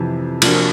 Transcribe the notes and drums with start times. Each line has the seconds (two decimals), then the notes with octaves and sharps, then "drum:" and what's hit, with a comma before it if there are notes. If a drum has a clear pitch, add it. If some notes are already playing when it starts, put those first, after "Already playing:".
Already playing: F2 C3 E3
0.42 C3 F3 A#3 D4 F#4, drum: cymbal